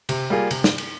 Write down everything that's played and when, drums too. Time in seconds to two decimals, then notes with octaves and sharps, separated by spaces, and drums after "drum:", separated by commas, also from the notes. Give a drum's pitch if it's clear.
0.09 C3, drum: cymbal
0.30 G3 A#3 F4 G#4
0.51 C3, drum: cymbal
0.64 drum: snare
0.78 drum: cymbal